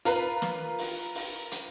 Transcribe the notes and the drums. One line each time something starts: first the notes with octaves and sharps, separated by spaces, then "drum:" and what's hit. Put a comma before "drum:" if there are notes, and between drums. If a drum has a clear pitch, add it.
F4 A#4 B4, drum: hi-hat
drum: snare
drum: open hi-hat
drum: open hi-hat
drum: hi-hat